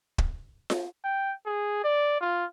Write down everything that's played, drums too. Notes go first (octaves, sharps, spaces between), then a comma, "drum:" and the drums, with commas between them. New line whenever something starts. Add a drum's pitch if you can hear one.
drum: kick
drum: snare F4
G5
G#4
D5
F4